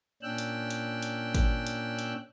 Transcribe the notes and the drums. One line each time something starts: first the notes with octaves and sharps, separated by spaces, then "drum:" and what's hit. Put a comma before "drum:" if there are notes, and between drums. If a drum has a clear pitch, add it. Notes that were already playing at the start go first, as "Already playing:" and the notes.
A#2 C#4 D4 G5 E6 F#6
drum: hi-hat
drum: hi-hat
drum: hi-hat
drum: kick G#1, hi-hat
drum: hi-hat
drum: hi-hat